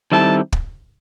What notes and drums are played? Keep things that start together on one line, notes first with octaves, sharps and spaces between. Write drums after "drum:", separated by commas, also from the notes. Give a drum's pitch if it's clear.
D#3 G3 C4 E4 A4 A5
drum: kick